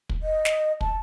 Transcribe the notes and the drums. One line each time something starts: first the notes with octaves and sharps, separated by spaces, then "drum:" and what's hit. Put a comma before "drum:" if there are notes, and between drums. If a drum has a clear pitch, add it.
drum: kick
D#5
drum: snare
A5, drum: kick